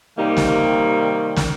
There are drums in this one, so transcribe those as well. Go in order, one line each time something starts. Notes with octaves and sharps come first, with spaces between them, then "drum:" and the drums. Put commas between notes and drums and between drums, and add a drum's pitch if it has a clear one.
C3 D#3 G3 A#3 D#4 G4
drum: snare
drum: snare